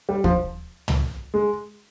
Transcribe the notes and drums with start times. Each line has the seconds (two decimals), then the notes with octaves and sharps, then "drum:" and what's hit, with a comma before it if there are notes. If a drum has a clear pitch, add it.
0.09 G3
0.24 F3, drum: kick
0.88 drum: tom
1.34 G#3